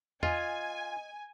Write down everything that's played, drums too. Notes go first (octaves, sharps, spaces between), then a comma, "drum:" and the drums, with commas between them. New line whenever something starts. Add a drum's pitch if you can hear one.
F4 D#5 G#5, drum: tom E2